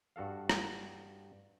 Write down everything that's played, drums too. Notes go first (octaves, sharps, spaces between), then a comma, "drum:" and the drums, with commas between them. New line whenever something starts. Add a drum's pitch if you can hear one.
G2 F#4 A4 F5
drum: rim click